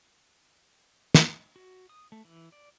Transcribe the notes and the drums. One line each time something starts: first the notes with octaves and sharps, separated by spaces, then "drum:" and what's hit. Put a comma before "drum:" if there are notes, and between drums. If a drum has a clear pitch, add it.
drum: snare
F#4
D#6
A3
E3
D5